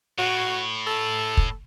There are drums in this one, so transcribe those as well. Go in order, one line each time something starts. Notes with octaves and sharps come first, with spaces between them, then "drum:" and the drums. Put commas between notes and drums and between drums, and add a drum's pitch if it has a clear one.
A2 F#4
A4
drum: kick